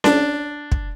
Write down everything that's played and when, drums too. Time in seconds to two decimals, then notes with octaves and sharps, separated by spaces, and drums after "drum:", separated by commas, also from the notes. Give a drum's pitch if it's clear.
0.04 D4, drum: snare C#4
0.72 drum: kick